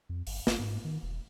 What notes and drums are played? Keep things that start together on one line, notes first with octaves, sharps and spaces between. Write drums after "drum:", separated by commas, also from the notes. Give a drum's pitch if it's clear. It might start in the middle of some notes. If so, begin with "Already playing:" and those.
F2
G1, drum: open hi-hat
G1, drum: snare
G#2
D#3
E1